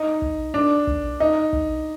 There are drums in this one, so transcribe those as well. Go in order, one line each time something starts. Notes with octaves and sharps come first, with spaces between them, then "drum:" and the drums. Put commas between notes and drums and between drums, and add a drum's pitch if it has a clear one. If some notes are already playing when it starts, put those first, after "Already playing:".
Already playing: D#4
drum: kick
D4
drum: kick
D#4
drum: kick